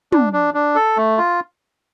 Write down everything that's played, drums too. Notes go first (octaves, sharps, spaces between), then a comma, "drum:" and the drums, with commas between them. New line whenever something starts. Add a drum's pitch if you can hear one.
D4, drum: tom
D4
D4
A4
A3
F4